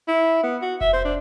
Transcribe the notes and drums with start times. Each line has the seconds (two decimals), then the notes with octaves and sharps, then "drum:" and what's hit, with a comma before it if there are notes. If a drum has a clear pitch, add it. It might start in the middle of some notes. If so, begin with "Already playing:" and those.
0.08 E4
0.43 B3
0.62 F#4
0.81 E5, drum: kick F1
0.93 C5
1.05 D4